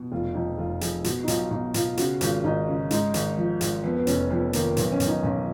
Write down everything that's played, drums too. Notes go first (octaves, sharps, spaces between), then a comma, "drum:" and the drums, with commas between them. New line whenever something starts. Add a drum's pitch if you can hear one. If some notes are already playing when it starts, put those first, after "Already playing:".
Already playing: B2
F1 F4
F2 D#4
F1 F4
F2 G#4, drum: hi-hat
B2 F#4, drum: hi-hat
D#4
B1 F4, drum: hi-hat
B2 D#4
B2 F4, drum: hi-hat
C#3 F#4, drum: hi-hat
G#1 F4, drum: hi-hat
G#1 D#4
C#3
G#2 D#4, drum: hi-hat
G#1, drum: hi-hat
F3
G#1, drum: hi-hat
F2 B3
B3
F1 C#4, drum: hi-hat
F2 B3
D#3 A#3, drum: hi-hat
B1 B3, drum: hi-hat
C#4
B1, drum: hi-hat
D#4
B1 C#4